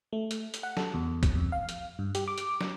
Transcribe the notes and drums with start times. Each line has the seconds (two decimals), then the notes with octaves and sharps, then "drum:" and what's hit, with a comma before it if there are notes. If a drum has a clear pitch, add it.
0.13 A3
0.31 drum: hi-hat
0.54 drum: hi-hat
0.63 F#5
0.77 A4, drum: snare
0.94 E2
1.23 drum: kick, hi-hat
1.35 F2
1.52 F5
1.69 drum: hi-hat
1.99 G2
2.15 G4, drum: hi-hat
2.28 D6
2.38 drum: hi-hat
2.61 drum: snare